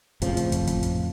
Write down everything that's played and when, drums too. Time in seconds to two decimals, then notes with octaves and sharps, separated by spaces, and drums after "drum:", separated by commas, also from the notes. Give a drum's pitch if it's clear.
0.22 F2 A2 C#3 F3, drum: hi-hat
0.37 drum: hi-hat
0.52 drum: kick, hi-hat
0.67 drum: kick, hi-hat
0.83 drum: hi-hat